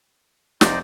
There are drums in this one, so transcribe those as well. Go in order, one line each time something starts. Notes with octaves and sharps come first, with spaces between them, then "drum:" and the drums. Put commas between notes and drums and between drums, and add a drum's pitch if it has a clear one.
F1 D#4 C5 D5, drum: snare